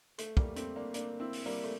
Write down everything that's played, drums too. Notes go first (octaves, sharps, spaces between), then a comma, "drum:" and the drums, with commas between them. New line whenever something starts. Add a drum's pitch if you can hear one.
A3, drum: hi-hat
G3 A#3, drum: kick
A3 C4, drum: hi-hat
A#3 D4
A#3 D4, drum: hi-hat
C4 E4
drum: open hi-hat
G3 A#3
A3